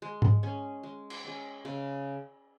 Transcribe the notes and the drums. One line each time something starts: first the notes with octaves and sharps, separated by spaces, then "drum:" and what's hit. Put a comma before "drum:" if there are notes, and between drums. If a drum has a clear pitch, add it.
G#3
drum: tom G#2
C#4 G#4
G#3
drum: cymbal
C#4 G#4
C#3